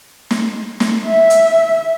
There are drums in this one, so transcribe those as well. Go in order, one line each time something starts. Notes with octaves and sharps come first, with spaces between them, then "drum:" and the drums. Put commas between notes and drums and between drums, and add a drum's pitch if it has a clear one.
drum: snare
drum: snare
E5
drum: hi-hat